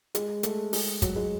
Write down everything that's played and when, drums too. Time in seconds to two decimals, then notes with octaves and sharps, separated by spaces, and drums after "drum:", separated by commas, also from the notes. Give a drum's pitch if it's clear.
0.15 G#3, drum: hi-hat
0.43 A3, drum: hi-hat
0.73 G#3, drum: open hi-hat
1.02 F#3, drum: kick, hi-hat
1.16 G#3